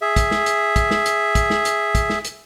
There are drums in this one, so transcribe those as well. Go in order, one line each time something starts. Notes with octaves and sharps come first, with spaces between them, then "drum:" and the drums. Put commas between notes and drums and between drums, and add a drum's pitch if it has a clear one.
G#4 E5
drum: kick, hi-hat
drum: snare
drum: hi-hat
drum: kick, hi-hat
drum: snare
drum: hi-hat
drum: kick, hi-hat
drum: snare
drum: hi-hat
drum: kick, hi-hat
drum: snare
drum: hi-hat